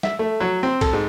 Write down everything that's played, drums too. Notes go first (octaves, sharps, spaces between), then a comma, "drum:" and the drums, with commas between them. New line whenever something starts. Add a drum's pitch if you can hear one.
E5, drum: snare
A3
F#3
C4
A4, drum: kick B1, cymbal
G#2